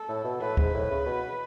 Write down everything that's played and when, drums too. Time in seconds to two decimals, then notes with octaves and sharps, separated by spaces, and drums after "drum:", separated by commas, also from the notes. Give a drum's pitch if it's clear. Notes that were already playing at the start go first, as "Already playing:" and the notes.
Already playing: A4
0.09 A2
0.24 B2
0.41 A2 B4
0.57 G#2, drum: kick C#2
0.74 A2
0.90 C#3
1.06 B2